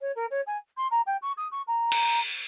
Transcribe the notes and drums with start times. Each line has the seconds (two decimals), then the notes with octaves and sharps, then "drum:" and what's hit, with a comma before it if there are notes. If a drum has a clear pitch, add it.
0.01 C#5
0.16 A#4
0.31 C#5
0.47 G#5
0.77 C6
0.91 A#5
1.06 G5
1.22 C#6
1.37 D#6
1.51 C#6
1.67 A#5
1.92 drum: cymbal